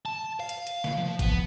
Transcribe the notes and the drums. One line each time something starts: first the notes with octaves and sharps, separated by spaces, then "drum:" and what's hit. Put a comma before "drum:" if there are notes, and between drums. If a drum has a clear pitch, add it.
A5
F5
drum: hi-hat
drum: hi-hat
drum: snare
F3
B3, drum: kick G1, hi-hat